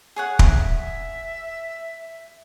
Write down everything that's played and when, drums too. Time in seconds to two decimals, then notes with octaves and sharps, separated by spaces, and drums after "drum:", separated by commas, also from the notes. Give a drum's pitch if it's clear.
0.16 G#4 C#5 F#5
0.39 E5, drum: kick